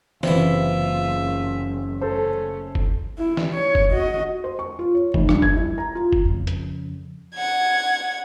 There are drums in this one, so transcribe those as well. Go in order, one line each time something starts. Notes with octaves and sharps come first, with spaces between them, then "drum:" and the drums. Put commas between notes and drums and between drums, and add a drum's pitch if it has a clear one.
F#1 C3 E3 F4 E5, drum: snare
A3 C#4 A4 C5
drum: kick
E4
drum: snare
C#5
drum: kick
F#4 D#5
C5
C#6
F4
C#5
F1, drum: kick
G2, drum: rim click
G#6, drum: kick
E4
A#5
F4
drum: kick
F2 C#3
drum: hi-hat
F#5 G#6